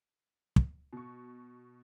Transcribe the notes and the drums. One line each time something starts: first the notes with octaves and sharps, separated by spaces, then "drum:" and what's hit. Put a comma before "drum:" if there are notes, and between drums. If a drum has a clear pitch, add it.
drum: kick
B2 C#6